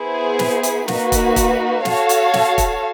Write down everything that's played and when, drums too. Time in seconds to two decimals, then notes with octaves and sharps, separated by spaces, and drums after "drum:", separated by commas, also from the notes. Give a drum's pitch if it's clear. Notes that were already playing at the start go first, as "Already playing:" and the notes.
Already playing: B3 E4 G#4 C5
0.39 drum: snare
0.63 drum: hi-hat
0.88 A#3 D#4 F#4 B4, drum: snare
1.12 drum: kick, hi-hat
1.36 drum: kick, hi-hat
1.85 F#4 A4 C#5 F5 A5, drum: snare
2.09 drum: hi-hat
2.33 drum: snare
2.58 drum: kick, hi-hat